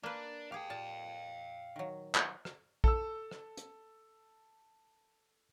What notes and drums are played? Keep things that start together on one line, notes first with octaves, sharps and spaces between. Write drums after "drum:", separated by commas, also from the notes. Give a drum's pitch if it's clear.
A#3 D4 B4
G4 G#4 F5 G5
A#2 A5
D#3 F#3
drum: clap
drum: rim click
A4 E6, drum: kick A#1
drum: rim click
drum: hi-hat